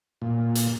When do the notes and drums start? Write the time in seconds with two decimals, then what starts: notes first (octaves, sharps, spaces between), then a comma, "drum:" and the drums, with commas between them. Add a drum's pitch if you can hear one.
0.22 A#2
0.55 drum: hi-hat